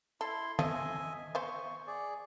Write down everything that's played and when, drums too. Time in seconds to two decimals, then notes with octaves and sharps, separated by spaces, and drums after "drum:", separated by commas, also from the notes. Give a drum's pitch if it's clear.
0.21 E4 A4 C6
0.59 F3 A3 D#5 E5 G#5, drum: tom D#3
1.35 B3 C5 F5 C#6
1.87 G#4 D5